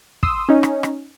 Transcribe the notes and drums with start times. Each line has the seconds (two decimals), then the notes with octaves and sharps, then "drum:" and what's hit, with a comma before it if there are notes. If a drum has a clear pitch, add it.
0.23 C6 D#6 E6, drum: kick
0.49 C#4 D#4
0.63 drum: rim click
0.83 drum: rim click